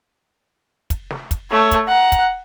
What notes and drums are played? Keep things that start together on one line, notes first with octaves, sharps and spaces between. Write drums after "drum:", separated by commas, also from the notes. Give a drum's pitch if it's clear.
drum: kick, hi-hat
drum: snare
drum: kick, hi-hat
A3 C#5
drum: kick, hi-hat
F#5 A#5
drum: kick, hi-hat